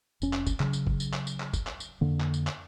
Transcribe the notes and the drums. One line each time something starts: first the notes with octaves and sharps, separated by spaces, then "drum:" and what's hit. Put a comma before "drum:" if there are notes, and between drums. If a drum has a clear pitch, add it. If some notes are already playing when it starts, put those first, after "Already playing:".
F1 C#4, drum: tambourine
drum: clap
drum: kick, tambourine
C#3 F#3, drum: clap
drum: tambourine
drum: kick
drum: tambourine
drum: clap
drum: tambourine
drum: clap
drum: kick, tambourine
drum: clap
drum: tambourine
F2 D3 A#3
drum: clap
drum: tambourine
drum: clap